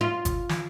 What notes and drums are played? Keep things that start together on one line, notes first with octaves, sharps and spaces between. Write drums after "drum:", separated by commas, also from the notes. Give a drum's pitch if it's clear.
F4
drum: kick G1, hi-hat
drum: snare